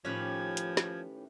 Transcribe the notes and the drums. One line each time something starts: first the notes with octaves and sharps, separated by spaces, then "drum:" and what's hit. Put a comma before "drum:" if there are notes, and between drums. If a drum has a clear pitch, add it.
A2 D#3 F3 C#4 G4 B4 G#6
drum: hi-hat
drum: snare